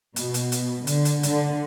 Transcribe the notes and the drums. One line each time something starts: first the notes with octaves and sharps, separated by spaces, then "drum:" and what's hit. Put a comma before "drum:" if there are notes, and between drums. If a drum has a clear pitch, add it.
B2, drum: hi-hat
drum: hi-hat
drum: hi-hat
D3, drum: hi-hat
drum: hi-hat
D3, drum: hi-hat